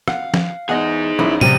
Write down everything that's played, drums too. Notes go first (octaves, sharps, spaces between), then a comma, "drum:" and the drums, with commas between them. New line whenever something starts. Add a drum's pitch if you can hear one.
F5 F#5, drum: rim click
drum: snare F3
E2 D#4 G#4 D#5 F#5
A#1 C#4 E4
E2 G#2 C3 G3 D#7, drum: tom